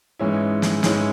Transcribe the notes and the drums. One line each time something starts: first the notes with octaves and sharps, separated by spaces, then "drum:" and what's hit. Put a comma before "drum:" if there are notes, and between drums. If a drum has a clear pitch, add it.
G#2 E3 G#3 C#4 E4
drum: snare
G#2 E3 G#3 C#4 E4, drum: snare